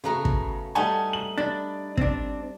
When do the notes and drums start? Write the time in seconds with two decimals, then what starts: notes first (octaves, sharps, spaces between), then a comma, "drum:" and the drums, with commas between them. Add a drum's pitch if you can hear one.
0.04 C#3 A3 B3 F#4 A#5
0.25 drum: kick
0.75 G3 A3 D#4 F#5 G#5 A5
1.13 F#7
1.38 D4 B5 A6
1.97 C4 D4, drum: kick